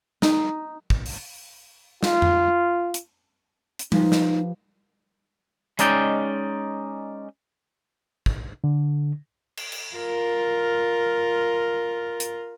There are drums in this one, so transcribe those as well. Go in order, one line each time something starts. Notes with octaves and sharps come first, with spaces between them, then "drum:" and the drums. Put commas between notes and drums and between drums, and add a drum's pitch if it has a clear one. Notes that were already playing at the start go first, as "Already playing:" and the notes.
D#4, drum: snare
drum: kick
drum: open hi-hat
F4, drum: snare
drum: tom F2
drum: hi-hat
drum: hi-hat
F3 D#4 G4 B4, drum: tom G3
drum: snare
G#3 C#4 D#4 D5 G5, drum: hi-hat
drum: kick
D3
drum: cymbal
drum: cymbal
F4 A#4
drum: hi-hat